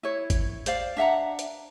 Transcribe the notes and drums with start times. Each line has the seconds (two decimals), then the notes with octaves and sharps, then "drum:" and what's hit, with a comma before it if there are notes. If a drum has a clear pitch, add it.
0.03 E4 C#5
0.30 drum: kick G1, hi-hat
0.66 C5 D5 F5, drum: hi-hat
0.97 D4 E5 F#5 A#5
1.39 drum: hi-hat